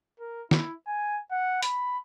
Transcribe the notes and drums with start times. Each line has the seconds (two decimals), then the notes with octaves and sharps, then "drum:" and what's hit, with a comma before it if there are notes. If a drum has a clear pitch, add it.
0.20 A#4
0.51 E4, drum: snare
0.87 G#5
1.31 F#5
1.62 B5, drum: hi-hat